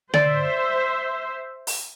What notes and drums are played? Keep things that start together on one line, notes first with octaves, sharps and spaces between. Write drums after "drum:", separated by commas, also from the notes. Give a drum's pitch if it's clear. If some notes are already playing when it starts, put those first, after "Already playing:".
C5 D5 E5, drum: tom D3
drum: open hi-hat